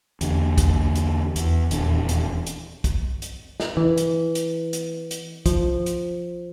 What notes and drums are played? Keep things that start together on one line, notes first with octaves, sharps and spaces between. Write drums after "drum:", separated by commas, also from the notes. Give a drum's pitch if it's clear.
E2 D3, drum: hi-hat
drum: kick, hi-hat
drum: hi-hat
E2, drum: hi-hat
D#1 E2 D4, drum: hi-hat
drum: hi-hat
drum: hi-hat
drum: kick, hi-hat
drum: hi-hat
drum: snare
E3
drum: hi-hat
drum: hi-hat
drum: hi-hat
drum: hi-hat
F3, drum: kick, hi-hat
drum: hi-hat